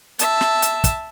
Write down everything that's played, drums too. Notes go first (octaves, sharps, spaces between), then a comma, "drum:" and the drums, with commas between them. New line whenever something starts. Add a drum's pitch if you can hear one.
E5 A5, drum: hi-hat
drum: snare
drum: hi-hat
drum: kick, hi-hat